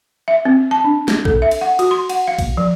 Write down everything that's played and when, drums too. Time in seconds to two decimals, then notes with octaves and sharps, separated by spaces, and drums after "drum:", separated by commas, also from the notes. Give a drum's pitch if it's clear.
0.28 E5
0.45 C4
0.71 A5
0.84 D4
1.08 drum: snare
1.25 A4, drum: kick B1
1.42 E5
1.51 drum: cymbal
1.61 F#5
1.79 F#4, drum: cymbal
1.91 C6
2.09 F#5, drum: cymbal
2.27 F5
2.38 drum: kick B1, cymbal
2.57 F3